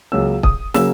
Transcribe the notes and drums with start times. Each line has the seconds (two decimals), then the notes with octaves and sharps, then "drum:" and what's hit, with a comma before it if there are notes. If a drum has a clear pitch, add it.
0.12 C#2 C#3 F#3 A#3 E6
0.43 D#6, drum: kick
0.74 C#3 F#3 A#3 E6, drum: snare